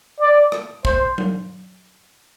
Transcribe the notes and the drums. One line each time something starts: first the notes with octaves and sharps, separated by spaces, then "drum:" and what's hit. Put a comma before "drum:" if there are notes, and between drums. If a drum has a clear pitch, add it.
D5
drum: rim click
C5, drum: kick
drum: tom F#3